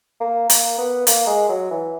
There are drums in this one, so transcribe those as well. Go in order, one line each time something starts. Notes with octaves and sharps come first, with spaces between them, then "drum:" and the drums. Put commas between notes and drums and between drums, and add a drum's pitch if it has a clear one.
A#3
A#3, drum: hi-hat
B3
A#3, drum: hi-hat
G#3
F#3
E3